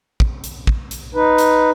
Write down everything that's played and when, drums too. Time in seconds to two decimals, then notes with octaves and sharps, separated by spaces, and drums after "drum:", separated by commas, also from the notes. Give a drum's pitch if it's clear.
0.20 drum: kick
0.44 drum: hi-hat
0.67 drum: kick
0.91 drum: hi-hat
1.15 D#4 B4
1.38 drum: hi-hat